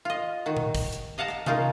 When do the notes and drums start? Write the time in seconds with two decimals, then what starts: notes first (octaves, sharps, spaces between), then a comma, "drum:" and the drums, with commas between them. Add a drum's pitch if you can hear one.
0.05 F4 D#5
0.46 D#3 F#4
0.57 drum: tom A#2
0.75 drum: kick, open hi-hat
0.93 drum: hi-hat
1.18 D#5 F5 F#5 A5 A#5
1.28 drum: rim click
1.46 C#4 D#4 F4 G#4 A#4, drum: tom C3